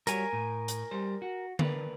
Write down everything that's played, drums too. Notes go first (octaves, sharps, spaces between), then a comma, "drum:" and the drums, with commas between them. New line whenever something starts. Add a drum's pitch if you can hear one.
G3 F#4 A#4 C#5 G#5, drum: hi-hat
A2
drum: hi-hat
G3 C5
F#4
D4 A#4 B4, drum: tom D3